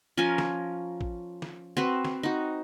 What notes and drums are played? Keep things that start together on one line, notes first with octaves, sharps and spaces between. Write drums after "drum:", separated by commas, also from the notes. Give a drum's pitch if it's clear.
F3 C#4 A#4 G#5
drum: snare
drum: kick
drum: snare
C4 F#4 B4
drum: snare
D#4 F#4